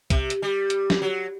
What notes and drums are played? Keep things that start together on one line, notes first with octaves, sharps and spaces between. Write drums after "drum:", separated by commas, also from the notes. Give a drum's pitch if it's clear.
C3, drum: kick, hi-hat
drum: hi-hat
G3
drum: hi-hat
drum: snare
F#3